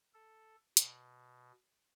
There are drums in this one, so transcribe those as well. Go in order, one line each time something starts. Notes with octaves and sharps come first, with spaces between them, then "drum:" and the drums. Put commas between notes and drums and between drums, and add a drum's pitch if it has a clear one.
A4
B2, drum: hi-hat